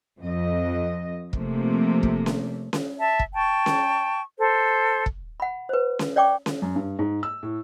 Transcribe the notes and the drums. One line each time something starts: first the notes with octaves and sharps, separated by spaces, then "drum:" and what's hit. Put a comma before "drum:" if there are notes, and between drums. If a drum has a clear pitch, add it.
F2 D#5
C3 F3 A3 A#3, drum: kick
drum: kick
drum: snare C#4
drum: snare C#4
E5 A5
drum: kick
G5 A5 C#6
drum: snare C#4
A4 C5
drum: kick
F#5 B5
B4 C5
drum: snare C#4
C#5 D5 G5 C#6 D6
drum: snare C#4
F#2
G2
G#2
E6
A2